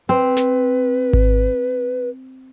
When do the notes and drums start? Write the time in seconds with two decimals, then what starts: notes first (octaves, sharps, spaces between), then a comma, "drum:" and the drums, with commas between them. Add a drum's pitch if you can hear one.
0.09 C4 B4
0.37 drum: snare
1.13 drum: kick G#1